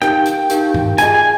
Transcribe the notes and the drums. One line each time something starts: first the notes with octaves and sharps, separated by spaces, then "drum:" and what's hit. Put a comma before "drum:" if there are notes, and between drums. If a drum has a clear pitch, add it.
D#4 G4 A#4 F5 G5, drum: rim click
drum: hi-hat
D#4 G4 A#4 F5, drum: hi-hat
drum: tom G2
F4 G#4 D#5 G#5, drum: hi-hat
G#5